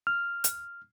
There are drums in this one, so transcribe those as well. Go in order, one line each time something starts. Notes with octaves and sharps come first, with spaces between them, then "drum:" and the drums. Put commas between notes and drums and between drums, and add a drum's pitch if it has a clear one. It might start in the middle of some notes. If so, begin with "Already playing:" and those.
F6
drum: hi-hat